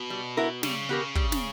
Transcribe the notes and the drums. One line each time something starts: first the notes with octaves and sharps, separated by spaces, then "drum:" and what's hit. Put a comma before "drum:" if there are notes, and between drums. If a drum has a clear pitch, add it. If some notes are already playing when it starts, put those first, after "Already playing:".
Already playing: B2
G3
B3 E4 A#4
C#3 G3, drum: snare
B3 G4 A#4
G3, drum: kick
drum: snare